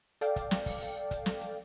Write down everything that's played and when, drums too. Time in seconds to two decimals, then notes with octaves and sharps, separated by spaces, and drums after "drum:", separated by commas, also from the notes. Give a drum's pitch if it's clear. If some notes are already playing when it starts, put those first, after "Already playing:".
0.21 A4 D5 F5 G5, drum: hi-hat
0.36 drum: kick, hi-hat
0.51 drum: snare
0.66 drum: kick, open hi-hat
0.81 drum: hi-hat
1.11 drum: kick, hi-hat
1.26 drum: snare
1.41 drum: hi-hat